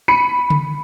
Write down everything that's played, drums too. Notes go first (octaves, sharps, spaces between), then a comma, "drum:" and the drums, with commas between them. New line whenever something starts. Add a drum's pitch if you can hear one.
B5 C#7 D#7
drum: tom C#3